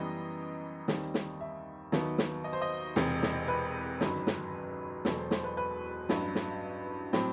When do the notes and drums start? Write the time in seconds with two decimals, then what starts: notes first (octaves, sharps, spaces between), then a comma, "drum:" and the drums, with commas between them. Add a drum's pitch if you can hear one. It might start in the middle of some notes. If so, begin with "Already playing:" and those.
Already playing: F#2 E3 G3 B3 D#5
0.88 D#2 D#3 G3 C4, drum: snare
1.14 drum: snare
1.41 E5
1.92 D#2 D#3 F#3 B3, drum: snare
2.18 drum: snare
2.44 D#5
2.53 C5
2.62 D#5
2.96 E1 E2 C3, drum: snare
3.23 drum: snare
3.48 B4
4.01 G1 F#2 D#3 F#3, drum: snare
4.27 drum: snare
5.05 E1 E2 B2 F#3 A4, drum: snare
5.18 C5
5.31 C5, drum: snare
5.44 B4
5.57 B4
6.09 A1 G2 F#3, drum: snare
6.35 drum: snare
7.13 A2 F#3 C4, drum: snare